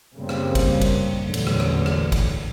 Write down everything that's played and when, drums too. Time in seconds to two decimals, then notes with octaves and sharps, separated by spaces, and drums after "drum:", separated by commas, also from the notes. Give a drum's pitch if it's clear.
0.16 F#2 C#3 G3 A#3 C4
0.29 drum: rim click
0.55 drum: kick, cymbal
0.81 drum: kick, cymbal
1.21 A1 E2 A#2 D3 F#3
1.34 drum: cymbal
1.47 drum: rim click
1.60 drum: rim click
1.86 drum: rim click
2.12 drum: kick, cymbal